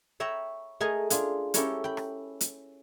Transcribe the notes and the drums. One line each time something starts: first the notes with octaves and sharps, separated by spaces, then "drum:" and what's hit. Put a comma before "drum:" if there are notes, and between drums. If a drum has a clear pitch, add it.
C#5 E5 G5 A#5 B5
A3 G#4 A#4 D#5 G#5 A#5
D4 F4 G#4, drum: hi-hat
C#4 E4 G4 A4 A#4 C#5, drum: hi-hat
G5 B5
drum: rim click
drum: hi-hat